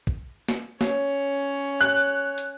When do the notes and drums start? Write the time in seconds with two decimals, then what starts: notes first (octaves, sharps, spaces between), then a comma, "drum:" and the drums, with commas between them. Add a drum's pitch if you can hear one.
0.07 drum: kick
0.49 drum: snare
0.81 C#4 C#5, drum: snare
1.81 F#6
2.38 drum: hi-hat